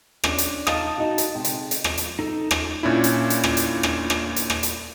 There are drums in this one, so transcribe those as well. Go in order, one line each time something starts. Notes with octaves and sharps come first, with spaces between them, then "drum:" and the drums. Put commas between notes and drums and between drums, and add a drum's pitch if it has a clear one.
C#4 D4 C#5, drum: rim click
drum: hi-hat
D#4 F5 A5 D#6, drum: rim click
D#4 F#4
drum: hi-hat
C3 G#3
drum: hi-hat
drum: hi-hat
F2, drum: rim click
drum: hi-hat
D#4 A4
drum: rim click
A#2 C#4 D4 E4
drum: hi-hat
drum: hi-hat
drum: rim click
drum: hi-hat
drum: rim click
drum: rim click
drum: hi-hat
drum: rim click
drum: hi-hat